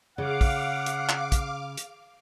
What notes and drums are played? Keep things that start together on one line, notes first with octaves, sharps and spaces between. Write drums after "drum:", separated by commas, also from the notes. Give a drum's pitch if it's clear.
C#3 F5 F#5 D6
drum: kick, open hi-hat
drum: hi-hat
drum: clap
drum: kick, hi-hat
drum: hi-hat